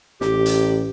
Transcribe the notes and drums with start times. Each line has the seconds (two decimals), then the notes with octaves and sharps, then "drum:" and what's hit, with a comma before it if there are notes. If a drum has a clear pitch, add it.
0.21 A1 G4, drum: snare
0.46 drum: hi-hat